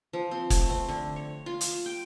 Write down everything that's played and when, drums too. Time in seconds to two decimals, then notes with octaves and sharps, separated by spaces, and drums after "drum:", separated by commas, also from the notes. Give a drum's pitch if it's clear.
0.13 F3
0.31 C4
0.50 A3, drum: kick, hi-hat
0.69 C4
0.88 D3
1.16 C#5
1.46 F4
1.61 drum: hi-hat
1.86 G5